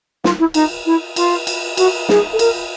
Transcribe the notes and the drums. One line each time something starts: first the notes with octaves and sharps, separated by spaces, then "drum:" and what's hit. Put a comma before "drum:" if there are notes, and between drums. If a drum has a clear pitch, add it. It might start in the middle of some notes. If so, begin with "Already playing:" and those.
F4, drum: snare
E4
D#4, drum: cymbal
E4
F4, drum: cymbal
drum: cymbal
F#4, drum: cymbal
G#4, drum: snare
A4
A#4, drum: cymbal